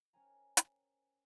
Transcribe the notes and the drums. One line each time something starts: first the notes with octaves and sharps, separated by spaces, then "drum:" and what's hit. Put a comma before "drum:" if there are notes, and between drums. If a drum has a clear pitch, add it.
C#4 A#4 C5 G5 G#5 A#5
drum: hi-hat